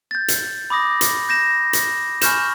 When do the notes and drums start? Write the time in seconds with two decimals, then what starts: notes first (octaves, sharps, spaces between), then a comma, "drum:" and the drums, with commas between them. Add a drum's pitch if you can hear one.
0.11 G6 A6
0.28 drum: hi-hat
0.70 B5 D6 D#6 A#6
1.01 drum: hi-hat
1.29 G6 A#6 E7
1.73 drum: hi-hat
2.21 G#5 B5 C#6 F6 G6 E7, drum: hi-hat